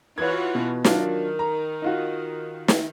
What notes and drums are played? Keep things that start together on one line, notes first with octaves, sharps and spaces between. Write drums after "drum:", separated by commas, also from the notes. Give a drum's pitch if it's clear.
E3 F4 F#4 C#5 G#6
B2
D#3 F#3 D4 F4, drum: snare
A#5
D#4 F4 F#4
drum: snare